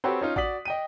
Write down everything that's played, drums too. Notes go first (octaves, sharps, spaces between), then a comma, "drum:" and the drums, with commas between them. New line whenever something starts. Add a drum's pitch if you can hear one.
C4 F#4 G4 A4 B4 C#5
C#4 D#4 F4
F#4 D5 D#6 B6 F#7, drum: kick A1
D#5 G5 D#7